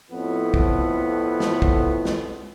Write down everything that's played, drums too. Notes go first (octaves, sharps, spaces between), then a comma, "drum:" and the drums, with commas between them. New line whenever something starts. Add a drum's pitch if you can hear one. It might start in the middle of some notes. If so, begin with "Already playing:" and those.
F2 A2 B3
drum: kick
drum: snare
drum: kick
drum: snare